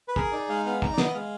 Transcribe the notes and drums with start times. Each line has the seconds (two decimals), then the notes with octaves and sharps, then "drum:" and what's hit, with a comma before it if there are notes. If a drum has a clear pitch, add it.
0.08 B4
0.16 G#4 A#4, drum: kick
0.32 D#4 D5
0.49 G#3 F5
0.66 B3 F5
0.82 D#4 A#5, drum: kick
0.93 D5
0.98 B3 D#5, drum: snare
1.14 G#3 F5